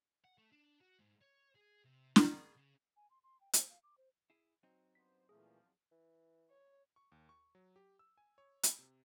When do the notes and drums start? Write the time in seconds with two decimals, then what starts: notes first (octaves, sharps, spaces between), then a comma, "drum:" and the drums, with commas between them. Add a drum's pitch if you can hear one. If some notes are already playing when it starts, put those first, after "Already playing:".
0.24 F#5
0.38 A3
0.52 D4
0.81 F#4
0.99 G#2
1.21 C#5
1.56 G#4
1.85 C3
2.16 G#4, drum: snare
2.56 C#3
2.96 G#5
3.10 C6
3.23 C6
3.41 G5
3.53 C5, drum: hi-hat
3.70 F5
3.83 D6
3.98 C5
4.30 E4 G#4 C7
4.63 F#3 C4 D#4
4.95 G2 B3 C5 B6
5.29 E2 A#2 E3 F3 A3 G#4
5.92 E3
6.50 C#5
6.96 C#6
7.12 D#2
7.29 C#6
7.55 F#3
7.76 G4
7.99 E6
8.18 G#5
8.38 C#5
8.63 B5, drum: hi-hat
8.79 C3